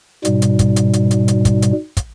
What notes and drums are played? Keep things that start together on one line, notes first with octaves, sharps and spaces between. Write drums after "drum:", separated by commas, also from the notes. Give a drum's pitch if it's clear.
G#2 B2 G3, drum: hi-hat
drum: hi-hat
drum: kick, hi-hat
drum: hi-hat
drum: hi-hat
drum: hi-hat
drum: hi-hat
drum: kick, hi-hat
drum: hi-hat
drum: kick, hi-hat